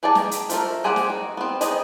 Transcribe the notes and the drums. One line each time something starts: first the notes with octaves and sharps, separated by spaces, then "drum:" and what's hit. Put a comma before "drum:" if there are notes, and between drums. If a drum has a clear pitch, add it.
D#3 G#4 D5 G5 A5
drum: snare
drum: hi-hat
F3 A3 A#4, drum: hi-hat
G4 G#4 C5 D5 F#5
drum: snare
D#3 F#4
B3 C4
B3 C4 D#4 G#4 D#5, drum: hi-hat